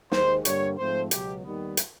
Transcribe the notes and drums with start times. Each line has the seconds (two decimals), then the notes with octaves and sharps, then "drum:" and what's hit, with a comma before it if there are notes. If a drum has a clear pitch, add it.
0.12 D#2 D#3 G#3 C5, drum: snare
0.45 G2 D3 G3 A#3 C#5, drum: hi-hat
0.78 G#2 F3 A3 C4 C5
1.11 C#2 B2 F#3 G4, drum: hi-hat
1.44 D#2 D#3 G3 B3
1.77 drum: hi-hat